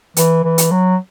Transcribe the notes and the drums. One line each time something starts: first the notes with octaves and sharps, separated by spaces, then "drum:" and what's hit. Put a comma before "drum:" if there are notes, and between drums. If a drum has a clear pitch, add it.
E3, drum: hi-hat
E3
drum: hi-hat
F#3